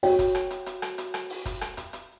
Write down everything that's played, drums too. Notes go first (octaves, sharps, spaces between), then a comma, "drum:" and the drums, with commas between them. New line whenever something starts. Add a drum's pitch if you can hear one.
F#4 C#5 G5, drum: open hi-hat
drum: kick, hi-hat
drum: rim click
drum: hi-hat
drum: hi-hat
drum: rim click
drum: hi-hat
drum: rim click
drum: open hi-hat
drum: kick, hi-hat
drum: rim click
drum: hi-hat
drum: hi-hat